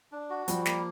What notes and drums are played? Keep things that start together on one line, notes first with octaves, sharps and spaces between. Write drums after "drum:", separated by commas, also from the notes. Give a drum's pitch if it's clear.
D4
F#4
F3 G3, drum: hi-hat
A#3, drum: snare